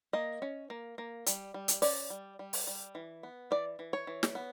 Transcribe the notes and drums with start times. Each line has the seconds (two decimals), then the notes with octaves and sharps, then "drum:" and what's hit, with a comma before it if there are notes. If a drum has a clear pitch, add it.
0.13 A#3 D#5
0.42 C#4
0.70 A#3
0.98 A#3
1.26 G3, drum: hi-hat
1.54 G3
1.68 drum: hi-hat
1.82 C#4 D5, drum: open hi-hat
2.10 G3
2.39 G3
2.53 drum: open hi-hat
2.67 G3
2.95 E3
3.23 B3
3.51 E3 D5
3.79 E3
3.93 C#5
4.07 E3
4.23 drum: snare
4.35 B3